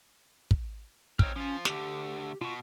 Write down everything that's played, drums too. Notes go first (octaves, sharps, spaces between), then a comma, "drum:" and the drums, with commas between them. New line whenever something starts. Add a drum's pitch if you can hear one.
drum: kick
C4 D#4 C#5 F6, drum: kick
F3 C#4 F4
D2 D3 G4, drum: snare
B2 F4 C#6